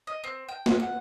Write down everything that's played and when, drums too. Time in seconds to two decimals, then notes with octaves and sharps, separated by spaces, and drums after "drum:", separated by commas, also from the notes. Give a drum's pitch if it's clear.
0.07 D#5
0.24 C4
0.49 G5
0.66 drum: snare
0.80 F#5